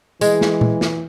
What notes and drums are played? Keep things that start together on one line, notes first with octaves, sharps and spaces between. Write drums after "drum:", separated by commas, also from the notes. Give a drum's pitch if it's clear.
E3 G#3, drum: tambourine
drum: snare
drum: tom A#2
drum: snare